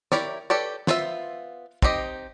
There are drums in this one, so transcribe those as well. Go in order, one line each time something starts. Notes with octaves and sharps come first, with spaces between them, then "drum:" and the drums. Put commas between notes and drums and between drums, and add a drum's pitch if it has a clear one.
E4 G4 A#4 C#5 D5, drum: snare
G4 A4 B4 C#5 D5
B3 F4 C5 E5, drum: snare
C4 D#4 G4 D#5, drum: kick